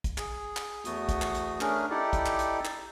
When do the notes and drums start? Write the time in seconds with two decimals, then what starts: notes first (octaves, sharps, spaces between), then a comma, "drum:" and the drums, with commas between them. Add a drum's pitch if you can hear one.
0.04 drum: kick, hi-hat
0.18 G#4, drum: clap
0.57 drum: clap
0.85 E2 A3 B3 F#4 D#6, drum: hi-hat
1.09 drum: kick, hi-hat
1.22 drum: clap
1.35 drum: hi-hat
1.61 A3 C#4 D4 G#4 A#4, drum: clap
1.90 D#4 E4 G4 A4 D5
2.13 drum: kick, hi-hat
2.26 drum: clap
2.39 drum: hi-hat
2.65 drum: clap